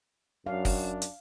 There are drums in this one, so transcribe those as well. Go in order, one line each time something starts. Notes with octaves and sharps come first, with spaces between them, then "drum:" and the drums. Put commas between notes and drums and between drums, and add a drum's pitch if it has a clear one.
F#2 F#3 D4 F5
drum: kick, open hi-hat
drum: hi-hat